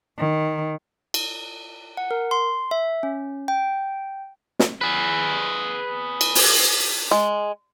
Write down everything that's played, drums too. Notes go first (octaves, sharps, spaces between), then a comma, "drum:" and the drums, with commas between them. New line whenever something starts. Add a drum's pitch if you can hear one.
D#3
drum: cymbal
F#5
A#4
C6
E5
C#4
G5
drum: snare
G#4 B4
drum: cymbal
drum: open hi-hat
G#3